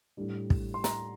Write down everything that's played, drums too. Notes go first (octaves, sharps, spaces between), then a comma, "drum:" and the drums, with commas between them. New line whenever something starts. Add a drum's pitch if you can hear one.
A2 G3 D4
drum: kick
C6
A#5, drum: snare